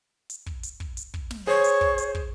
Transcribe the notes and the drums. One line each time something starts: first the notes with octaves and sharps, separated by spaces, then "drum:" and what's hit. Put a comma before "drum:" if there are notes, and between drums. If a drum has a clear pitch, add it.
drum: hi-hat
drum: kick
drum: hi-hat
drum: kick
drum: hi-hat
drum: kick
drum: snare
G#4 C5 C#5
drum: hi-hat
drum: kick
drum: hi-hat
drum: kick